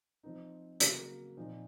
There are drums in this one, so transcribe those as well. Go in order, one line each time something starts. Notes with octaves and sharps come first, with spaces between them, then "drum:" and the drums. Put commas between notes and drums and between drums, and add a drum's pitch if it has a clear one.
F3 C4 D#4
C#3 F#3 A#3, drum: hi-hat
A#2 F3 C4 D#4